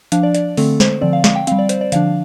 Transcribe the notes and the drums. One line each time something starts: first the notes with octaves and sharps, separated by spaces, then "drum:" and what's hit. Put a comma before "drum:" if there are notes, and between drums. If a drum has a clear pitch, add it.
F3 D4 F5, drum: hi-hat
D5
D5, drum: hi-hat
D3 A3 C4 A4, drum: open hi-hat
C5, drum: snare
D3 F3 C4 D5
F5
F5, drum: snare
G5
G3 C4 F5, drum: hi-hat
D5
C5, drum: hi-hat
D5
D3 F3 D4 F5, drum: hi-hat